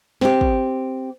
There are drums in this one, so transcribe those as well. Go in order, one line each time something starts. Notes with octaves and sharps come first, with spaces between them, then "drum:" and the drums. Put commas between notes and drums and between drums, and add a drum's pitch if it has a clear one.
C4 G4, drum: snare
drum: kick